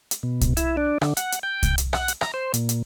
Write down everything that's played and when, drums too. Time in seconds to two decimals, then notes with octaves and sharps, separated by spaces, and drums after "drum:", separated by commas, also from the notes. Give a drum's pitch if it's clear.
0.11 drum: hi-hat
0.23 B2
0.41 drum: kick C2, hi-hat
0.57 E4, drum: hi-hat
0.77 D4
1.01 D3, drum: rim click
1.17 F#5, drum: hi-hat
1.32 drum: hi-hat
1.43 G5
1.63 drum: kick C2, hi-hat
1.78 drum: hi-hat
1.93 F#5, drum: rim click
2.08 drum: hi-hat
2.21 A#5, drum: rim click
2.34 C5
2.54 A#2, drum: hi-hat
2.69 drum: hi-hat